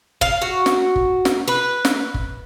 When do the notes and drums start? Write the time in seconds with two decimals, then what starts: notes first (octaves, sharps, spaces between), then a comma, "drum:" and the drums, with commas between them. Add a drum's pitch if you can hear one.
0.21 F5, drum: kick G1
0.42 F#4
0.66 drum: snare
0.96 drum: kick G1
1.25 drum: snare
1.48 B4
1.85 drum: snare
2.14 drum: kick G1